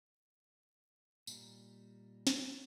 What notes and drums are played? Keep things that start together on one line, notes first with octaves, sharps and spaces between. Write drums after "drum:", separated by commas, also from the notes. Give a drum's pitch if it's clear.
A#2 G3 D#4, drum: tambourine
drum: snare